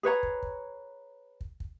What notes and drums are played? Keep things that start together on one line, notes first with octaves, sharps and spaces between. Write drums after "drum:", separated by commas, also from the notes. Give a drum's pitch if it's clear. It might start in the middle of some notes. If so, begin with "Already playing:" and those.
G#4 B4 C#5 A#5
drum: kick
drum: kick
drum: kick
drum: kick